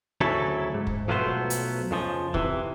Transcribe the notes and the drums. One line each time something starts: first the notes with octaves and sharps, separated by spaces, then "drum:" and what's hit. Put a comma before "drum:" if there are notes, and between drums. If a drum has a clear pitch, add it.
D2 C#3 F#3 E4 A4
G#2
drum: kick
B1 F3 F#3 A3 B3 C5
drum: hi-hat
F2 C#3 F3
C3 E3, drum: kick